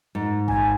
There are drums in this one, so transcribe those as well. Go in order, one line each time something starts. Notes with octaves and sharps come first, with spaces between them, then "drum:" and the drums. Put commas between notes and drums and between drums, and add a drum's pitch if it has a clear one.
G#2
G#5, drum: kick